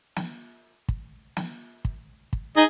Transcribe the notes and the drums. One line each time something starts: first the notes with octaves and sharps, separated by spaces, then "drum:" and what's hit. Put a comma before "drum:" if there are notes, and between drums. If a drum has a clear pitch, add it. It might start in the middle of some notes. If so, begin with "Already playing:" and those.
drum: snare
drum: kick
drum: snare
drum: kick
drum: kick
D#4 G#4 D#5